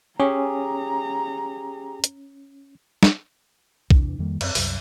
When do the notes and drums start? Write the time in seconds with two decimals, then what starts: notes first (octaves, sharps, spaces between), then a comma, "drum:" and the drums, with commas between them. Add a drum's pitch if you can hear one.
0.20 C#4 G4 G#4 A#5
2.04 drum: hi-hat
3.03 drum: snare
3.90 E2 C3 E3 D4, drum: kick
4.18 F2 D#3 G3 A#3
4.41 F#2 C4, drum: cymbal
4.55 C2 F#2, drum: open hi-hat